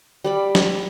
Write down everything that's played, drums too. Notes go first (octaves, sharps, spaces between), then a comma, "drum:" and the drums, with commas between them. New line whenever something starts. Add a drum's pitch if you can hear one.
G3 D5 B5
drum: snare